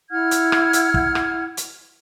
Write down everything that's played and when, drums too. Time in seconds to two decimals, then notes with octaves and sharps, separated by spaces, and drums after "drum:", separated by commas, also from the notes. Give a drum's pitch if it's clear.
0.10 E4 F#5 F6 G#6
0.31 drum: hi-hat
0.52 drum: rim click
0.73 drum: hi-hat
0.94 drum: kick
1.15 drum: rim click
1.57 drum: hi-hat